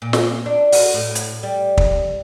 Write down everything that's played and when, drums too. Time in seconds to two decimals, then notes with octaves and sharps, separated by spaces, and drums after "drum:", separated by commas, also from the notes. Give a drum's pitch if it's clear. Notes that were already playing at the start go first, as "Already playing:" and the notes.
0.02 A#2
0.13 drum: snare
0.46 D4
0.72 F#4, drum: open hi-hat
0.94 A2
1.15 drum: hi-hat
1.43 G3
1.77 drum: kick